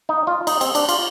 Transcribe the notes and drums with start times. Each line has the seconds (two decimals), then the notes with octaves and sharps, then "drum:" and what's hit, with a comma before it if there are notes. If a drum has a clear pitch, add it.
0.09 D#4
0.27 F4
0.47 D#4, drum: cymbal
0.61 C4, drum: cymbal
0.75 D4, drum: cymbal
0.89 F4, drum: cymbal